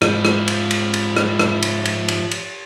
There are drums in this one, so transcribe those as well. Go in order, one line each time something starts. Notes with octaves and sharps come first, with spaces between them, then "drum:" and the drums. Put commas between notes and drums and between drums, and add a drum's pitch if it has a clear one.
G#2 F3 E4, drum: rim click
drum: rim click
drum: cymbal
drum: cymbal
drum: cymbal
drum: rim click
drum: rim click
drum: cymbal
drum: cymbal
drum: cymbal
drum: cymbal